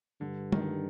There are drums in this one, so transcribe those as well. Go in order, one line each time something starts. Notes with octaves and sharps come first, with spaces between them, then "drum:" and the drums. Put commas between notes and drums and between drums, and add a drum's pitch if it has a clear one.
G2 D3
D#3, drum: tom